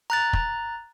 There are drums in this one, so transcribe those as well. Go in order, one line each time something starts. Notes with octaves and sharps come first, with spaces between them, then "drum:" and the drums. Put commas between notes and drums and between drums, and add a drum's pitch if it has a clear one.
A#5 F#6 A6
drum: kick